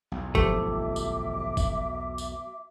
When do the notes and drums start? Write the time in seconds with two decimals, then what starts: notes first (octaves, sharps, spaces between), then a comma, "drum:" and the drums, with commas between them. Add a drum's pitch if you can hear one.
0.12 B1 E2
0.35 G#1 F3 A3 F#4 G4 E5 D6, drum: kick F#1
0.96 drum: tambourine
1.57 drum: kick F#1, tambourine
2.18 drum: tambourine